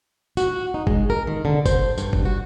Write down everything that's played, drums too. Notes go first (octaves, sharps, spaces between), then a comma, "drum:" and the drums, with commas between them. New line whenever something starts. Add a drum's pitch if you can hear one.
F#4, drum: tambourine
D#4
G#3, drum: kick F#1
A#4
D#3
D3
C5, drum: kick F#1, tambourine
G2, drum: tambourine
drum: kick F#1
F#4